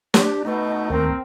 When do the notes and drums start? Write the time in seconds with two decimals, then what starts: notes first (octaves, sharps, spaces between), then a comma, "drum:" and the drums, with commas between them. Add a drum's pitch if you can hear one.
0.14 D4 G4, drum: snare
0.45 B2 A3 D#4
0.90 D#2 C4 A#4